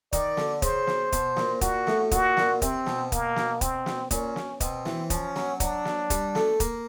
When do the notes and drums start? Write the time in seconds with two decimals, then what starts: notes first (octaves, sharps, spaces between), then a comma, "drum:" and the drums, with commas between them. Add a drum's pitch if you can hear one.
0.13 D#3 D5, drum: kick, hi-hat
0.37 D3, drum: snare
0.62 C#3 C5, drum: kick, hi-hat
0.87 drum: snare
1.12 B2, drum: kick, hi-hat
1.37 A#2, drum: snare
1.61 A#2 F#4, drum: kick, hi-hat
1.87 A2, drum: snare
2.11 A#2 F#4, drum: kick, hi-hat
2.37 A#2, drum: snare
2.62 C3 C4, drum: kick, hi-hat
2.86 B2, drum: snare
3.12 A#3, drum: kick, hi-hat
3.36 drum: snare
3.61 C4, drum: kick, hi-hat
3.86 drum: snare
4.11 A#2 C#4, drum: kick, hi-hat
4.36 drum: snare
4.60 B2 C4, drum: kick, hi-hat
4.86 E3, drum: snare
5.10 F3 C#4, drum: kick, hi-hat
5.36 F#3, drum: snare
5.60 F#3 D4, drum: kick, hi-hat
5.85 drum: snare
6.10 G3, drum: kick, hi-hat
6.35 A3, drum: snare
6.60 A#3, drum: kick, hi-hat